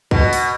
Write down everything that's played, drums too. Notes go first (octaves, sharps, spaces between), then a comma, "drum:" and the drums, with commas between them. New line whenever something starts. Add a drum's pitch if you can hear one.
B2, drum: kick
drum: open hi-hat